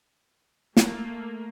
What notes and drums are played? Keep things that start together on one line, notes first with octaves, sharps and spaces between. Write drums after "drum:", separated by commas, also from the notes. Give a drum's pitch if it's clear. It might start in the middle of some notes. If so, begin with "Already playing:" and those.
A3 A#3, drum: snare